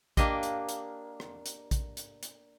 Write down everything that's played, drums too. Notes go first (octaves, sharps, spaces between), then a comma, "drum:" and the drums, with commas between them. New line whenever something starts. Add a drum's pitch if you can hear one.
A#3 D4 G4 D#5, drum: kick A#1, hi-hat
drum: hi-hat
drum: hi-hat
drum: rim click
drum: hi-hat
drum: kick A#1, hi-hat
drum: hi-hat
drum: hi-hat